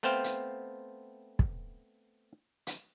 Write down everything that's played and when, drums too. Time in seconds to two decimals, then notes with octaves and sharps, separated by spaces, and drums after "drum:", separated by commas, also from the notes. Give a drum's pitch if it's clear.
0.03 A3 B3 C4 C5 F5 G5
0.24 drum: hi-hat
1.39 drum: kick
2.67 drum: hi-hat